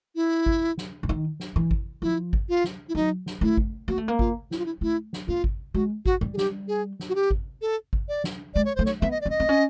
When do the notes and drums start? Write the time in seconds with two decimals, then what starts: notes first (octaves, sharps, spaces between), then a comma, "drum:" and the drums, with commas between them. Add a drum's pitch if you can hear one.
0.16 E4
0.46 drum: kick G#1
0.77 drum: snare
1.03 D3
1.09 D#3
1.40 drum: snare
1.56 E3
1.71 drum: kick G#1
2.02 F3 E4
2.33 drum: kick G#1
2.49 F4
2.64 drum: snare
2.89 E4
2.95 F#3 D#4
3.26 drum: snare
3.41 A3 E4
3.57 drum: kick G#1
3.88 A#3 F#4
3.98 A3
4.08 A#3
4.19 F4, drum: kick G#1
4.51 E4, drum: snare
4.58 F4
4.66 E4
4.81 A3 E4
5.13 drum: snare
5.28 A#3 F4
5.44 drum: kick G#1
5.74 G#3 F#4
6.06 F#4, drum: kick G#1
6.21 G3
6.34 G#4
6.37 G4, drum: snare
6.68 G#4
6.99 drum: snare
7.09 F#4
7.15 G4
7.31 drum: kick G#1
7.62 A4
7.93 drum: kick G#1
8.08 D5
8.24 drum: snare
8.54 G#3 D5
8.65 C#5
8.76 A3 C5
8.85 C#5, drum: snare
9.01 B3 E5
9.11 D#5
9.21 C4 D5
9.30 D#5
9.40 C4
9.49 C#4